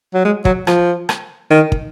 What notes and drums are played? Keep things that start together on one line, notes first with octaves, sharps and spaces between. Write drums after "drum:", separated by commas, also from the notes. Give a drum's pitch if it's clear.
F#3
G#3
F#3, drum: kick
F3, drum: rim click
drum: rim click
D#3
drum: kick